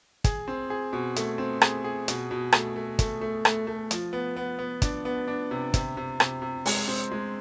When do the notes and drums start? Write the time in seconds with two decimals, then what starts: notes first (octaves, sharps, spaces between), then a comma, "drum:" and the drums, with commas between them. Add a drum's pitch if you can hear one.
0.24 G#4, drum: kick, hi-hat
0.48 C4
0.70 G#4
0.93 B2
1.16 A3, drum: hi-hat
1.38 C4
1.62 G#4, drum: rim click
1.84 G#4
2.08 B2, drum: hi-hat
2.31 B2
2.52 A3, drum: rim click
2.76 A3
2.99 A3, drum: kick, hi-hat
3.21 A3
3.45 A3, drum: rim click
3.67 A3
3.91 F3, drum: hi-hat
4.13 B3
4.36 B3
4.59 B3
4.82 D4, drum: kick, hi-hat
5.05 B3
5.28 D4
5.51 C3
5.74 C3, drum: kick, hi-hat
5.97 C3
6.20 C3, drum: rim click
6.42 C3
6.66 G#3, drum: open hi-hat
6.88 C4
7.12 G#3